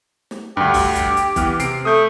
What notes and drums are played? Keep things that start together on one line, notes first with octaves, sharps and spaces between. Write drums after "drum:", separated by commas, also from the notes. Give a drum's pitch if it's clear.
drum: snare
D2 G2 G4
drum: kick, open hi-hat
drum: kick, hi-hat
drum: hi-hat
E3 B3 F6, drum: kick, hi-hat
C3 C7 D7, drum: hi-hat
A3 D#6 G6